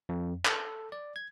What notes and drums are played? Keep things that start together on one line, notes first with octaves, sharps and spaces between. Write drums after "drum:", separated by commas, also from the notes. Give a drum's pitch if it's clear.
F2
A4, drum: clap
D5
G#6